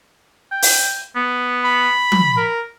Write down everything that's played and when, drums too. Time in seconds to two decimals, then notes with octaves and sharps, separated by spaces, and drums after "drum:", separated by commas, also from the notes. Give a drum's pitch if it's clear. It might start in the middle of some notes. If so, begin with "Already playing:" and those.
0.52 G5
0.62 drum: open hi-hat
1.16 B3
1.64 B5
2.12 drum: tom F3
2.37 A#4